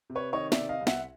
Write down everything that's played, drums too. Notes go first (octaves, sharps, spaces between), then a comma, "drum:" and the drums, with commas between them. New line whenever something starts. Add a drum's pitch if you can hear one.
C3
B4 C#5
D#3 C#5 D#5
D5 E5, drum: snare
C3
D#5 F5
C2
E5 F#5, drum: snare